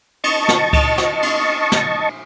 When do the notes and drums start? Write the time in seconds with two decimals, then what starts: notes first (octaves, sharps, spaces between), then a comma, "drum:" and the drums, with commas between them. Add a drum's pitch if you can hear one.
0.24 D#5 A5 C#6, drum: cymbal
0.48 drum: snare
0.73 drum: kick C#2, cymbal
0.98 drum: snare
1.22 drum: cymbal
1.72 drum: snare